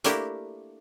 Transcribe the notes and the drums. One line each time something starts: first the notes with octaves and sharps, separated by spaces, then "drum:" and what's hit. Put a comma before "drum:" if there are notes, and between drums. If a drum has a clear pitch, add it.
A3 A#3 D4 E4 G4 A#4, drum: hi-hat